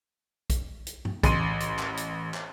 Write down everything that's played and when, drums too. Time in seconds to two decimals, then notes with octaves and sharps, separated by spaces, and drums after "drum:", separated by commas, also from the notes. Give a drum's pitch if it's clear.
0.50 drum: kick, hi-hat
0.87 drum: hi-hat
1.05 drum: tom G2
1.23 A1 C6 D#7, drum: kick, hi-hat
1.60 drum: hi-hat
1.79 drum: clap
1.97 drum: hi-hat
2.34 drum: clap